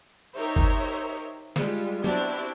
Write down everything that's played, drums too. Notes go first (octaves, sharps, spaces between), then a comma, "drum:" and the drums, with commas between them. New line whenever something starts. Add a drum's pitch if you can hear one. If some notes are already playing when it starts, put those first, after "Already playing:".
D#4 G4 A#4 C5 C#5 E5
drum: kick
G3 G#3 F4, drum: snare
B3 C4 D4 E4 F#4 G4, drum: tom